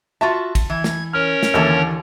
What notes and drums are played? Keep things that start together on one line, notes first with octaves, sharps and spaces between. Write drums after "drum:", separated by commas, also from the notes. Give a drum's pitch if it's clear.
F4 F#4 E5 A5
drum: kick, cymbal
E3 G#6
drum: snare
C#4 A#4 C#5 F6
drum: snare
D#2 D3 E3 A4